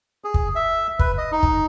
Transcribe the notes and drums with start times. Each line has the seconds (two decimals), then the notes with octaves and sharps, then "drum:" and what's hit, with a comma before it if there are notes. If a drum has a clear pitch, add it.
0.24 G#4
0.34 drum: kick
0.55 E5
0.99 B4, drum: kick
1.18 D#5
1.32 D#4
1.43 drum: kick